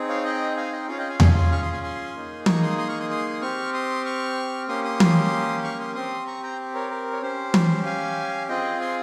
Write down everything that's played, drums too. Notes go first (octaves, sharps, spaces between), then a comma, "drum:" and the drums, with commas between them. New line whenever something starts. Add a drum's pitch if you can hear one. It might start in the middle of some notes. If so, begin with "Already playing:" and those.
Already playing: C4 D#4 G#4
C#5 F5
D#5 G5
F5 G#5
D#5 G5
C#4 F4 G#4 C#5 F5
D#5 G5
F5 G#5
G#5 C6, drum: tom E2
G#5 C6
C#6 F6
C6 D#6
G#5 C6
G#5 C6
A#3 D#4 G#4
A#5 C#6, drum: tom E3
C6 D#6
C6 D#6
C#6 F6
C6 D#6
C6 D#6
D#6
C4 G4 C#6 F6
C6 D#6
C#6 F6
A#3 C#4 G4 C6 D#6
C6 D#6
drum: tom E3
C#6 F6
C6 D#6
C4 G4 C6 D#6
A#5 C#6
G5 A#5
A#4 C#5
A#4
C#5
C#4 G4 C5
drum: tom E3
F5 G#5
C4 F4 G#4 D#5 G5
G#5 C6